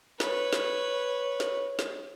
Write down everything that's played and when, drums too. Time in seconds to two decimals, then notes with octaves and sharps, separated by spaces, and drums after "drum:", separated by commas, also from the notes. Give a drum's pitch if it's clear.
0.20 B4 C#5, drum: snare
0.53 drum: snare
1.40 drum: snare
1.79 drum: snare